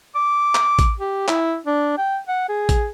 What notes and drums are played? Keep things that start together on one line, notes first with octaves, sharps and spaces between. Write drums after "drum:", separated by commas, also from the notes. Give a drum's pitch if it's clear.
D6
drum: clap
drum: kick A1, hi-hat
G4
E4, drum: clap
D4
G5
F#5
G#4
drum: kick A1, hi-hat